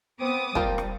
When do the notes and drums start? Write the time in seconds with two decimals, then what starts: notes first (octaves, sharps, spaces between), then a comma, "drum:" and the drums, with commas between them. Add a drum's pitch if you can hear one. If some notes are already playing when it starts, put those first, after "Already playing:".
0.21 B3 C4 D6 D#6
0.55 G3 A#3 C4 F4 A5, drum: kick
0.78 drum: rim click